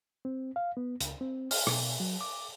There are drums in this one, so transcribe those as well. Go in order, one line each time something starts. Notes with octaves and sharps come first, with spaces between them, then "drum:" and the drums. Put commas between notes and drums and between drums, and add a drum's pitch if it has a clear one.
C4
F5
B3
C#2, drum: hi-hat
C4
F6, drum: open hi-hat
B2, drum: rim click
F#3
D6